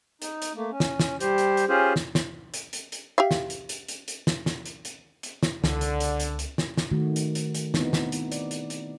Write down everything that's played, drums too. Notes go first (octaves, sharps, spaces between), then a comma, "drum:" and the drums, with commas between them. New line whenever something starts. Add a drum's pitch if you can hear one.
D#4, drum: hi-hat
drum: hi-hat
A3 A#3
C#4
drum: snare
drum: snare
G3 G4 C5, drum: hi-hat
drum: hi-hat
drum: hi-hat
C#4 F4 G4 G#4 C5
drum: snare
drum: snare
drum: hi-hat
drum: hi-hat
drum: hi-hat
G4 E5 F5
drum: snare
drum: hi-hat
drum: hi-hat
drum: hi-hat
drum: hi-hat
drum: snare
drum: snare
drum: hi-hat
drum: hi-hat
drum: hi-hat
drum: snare
C#2 D3, drum: snare
drum: hi-hat
drum: hi-hat
drum: hi-hat
drum: hi-hat
drum: snare
drum: snare
D#3 A3 F#4
drum: hi-hat
drum: hi-hat
drum: hi-hat
B3 C4 D#4 E4, drum: snare
drum: snare
drum: hi-hat
D5, drum: hi-hat
drum: hi-hat
drum: hi-hat